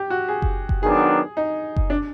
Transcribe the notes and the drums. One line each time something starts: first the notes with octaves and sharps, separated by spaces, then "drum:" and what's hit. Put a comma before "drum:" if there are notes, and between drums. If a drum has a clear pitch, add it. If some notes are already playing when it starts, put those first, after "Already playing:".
Already playing: G4
F#4
G#4
drum: kick F#1
drum: kick F#1
D#3 F#3 B3 D4 G#4
D#4
drum: kick F#1
D4